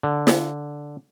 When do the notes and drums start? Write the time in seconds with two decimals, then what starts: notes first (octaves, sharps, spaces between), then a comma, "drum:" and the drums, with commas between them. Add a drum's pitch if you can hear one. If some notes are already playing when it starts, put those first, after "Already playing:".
0.03 D3
0.27 drum: snare